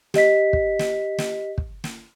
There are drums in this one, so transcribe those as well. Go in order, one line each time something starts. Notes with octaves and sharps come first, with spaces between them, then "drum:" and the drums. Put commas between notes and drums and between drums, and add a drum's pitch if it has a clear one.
G4 D#5 B6, drum: snare
drum: kick
drum: snare
drum: snare
drum: kick
drum: snare